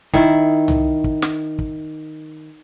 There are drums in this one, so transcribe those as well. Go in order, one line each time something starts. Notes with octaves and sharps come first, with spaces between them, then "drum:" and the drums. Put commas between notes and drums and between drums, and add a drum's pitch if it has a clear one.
D#3 E4, drum: kick
drum: tom C2
drum: kick
drum: snare
drum: kick